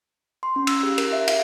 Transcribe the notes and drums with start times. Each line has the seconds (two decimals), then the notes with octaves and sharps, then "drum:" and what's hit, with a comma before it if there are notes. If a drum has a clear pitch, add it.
0.43 C6
0.56 C#4
0.67 E6, drum: cymbal
0.83 G4
0.98 A#4, drum: cymbal
1.13 E5
1.28 F5, drum: cymbal